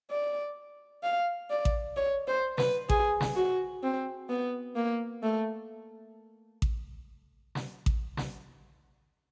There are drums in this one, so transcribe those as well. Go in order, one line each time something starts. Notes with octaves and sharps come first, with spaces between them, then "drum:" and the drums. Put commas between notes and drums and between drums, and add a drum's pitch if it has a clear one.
D5
F5
D5
drum: kick A1
C#5
C5
B4, drum: snare
G#4, drum: kick A1
drum: snare
F#4
C4
B3
A#3
A3
drum: kick A1
drum: snare
drum: kick A1
drum: snare